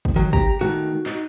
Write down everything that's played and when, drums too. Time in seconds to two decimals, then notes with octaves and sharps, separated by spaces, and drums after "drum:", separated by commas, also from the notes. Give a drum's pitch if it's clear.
0.05 drum: kick
0.16 D#3 F#3
0.33 G4 A#5, drum: kick
0.61 D#3 A3 A#3 F#4
1.06 D#4, drum: clap